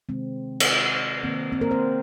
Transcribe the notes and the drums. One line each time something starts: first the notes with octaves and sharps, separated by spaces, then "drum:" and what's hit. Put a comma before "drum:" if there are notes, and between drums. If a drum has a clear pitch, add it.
C3 D#3 G#3 C4
drum: cymbal
D#3 A#3 C4
C4
A#3 A#4
C4 C5